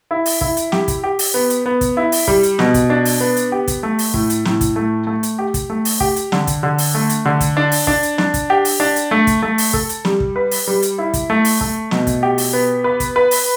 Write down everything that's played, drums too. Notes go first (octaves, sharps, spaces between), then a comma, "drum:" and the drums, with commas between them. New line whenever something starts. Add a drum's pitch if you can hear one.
E4
drum: open hi-hat
E4, drum: kick
drum: hi-hat
G4, drum: snare
drum: kick, hi-hat
G4
drum: open hi-hat
B3
drum: hi-hat
B3
drum: kick, hi-hat
E4
drum: open hi-hat
G3, drum: kick
drum: hi-hat
B2, drum: snare
drum: kick, hi-hat
D4
drum: open hi-hat
B3
drum: hi-hat
G4
drum: kick, hi-hat
A3
drum: open hi-hat
A2, drum: kick
drum: hi-hat
A2, drum: snare
drum: kick, hi-hat
A3
A3
drum: hi-hat
G4
drum: kick, hi-hat
A3
drum: open hi-hat
G4, drum: kick
drum: hi-hat
D3, drum: snare
drum: kick, hi-hat
D3
drum: open hi-hat
A3
drum: hi-hat
D3
drum: kick, hi-hat
D4
drum: open hi-hat
D4, drum: kick
drum: hi-hat
D4, drum: snare
drum: kick, hi-hat
G4
drum: open hi-hat
D4
drum: hi-hat
A3
drum: kick, hi-hat
A3
drum: open hi-hat
A4, drum: kick
drum: hi-hat
G3, drum: snare
drum: kick
B4
drum: open hi-hat
G3
drum: hi-hat
E4
drum: kick, hi-hat
A3
drum: open hi-hat
A3, drum: kick
B2, drum: snare
drum: kick, hi-hat
G4
drum: open hi-hat
B3
B4
drum: kick, hi-hat
B4
drum: open hi-hat